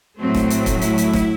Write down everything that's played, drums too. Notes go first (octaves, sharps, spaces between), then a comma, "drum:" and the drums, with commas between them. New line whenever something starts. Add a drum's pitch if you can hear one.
A2 F#3 A3 C4
drum: snare E1
drum: hi-hat
drum: kick, hi-hat
E4, drum: hi-hat
drum: hi-hat
drum: snare E1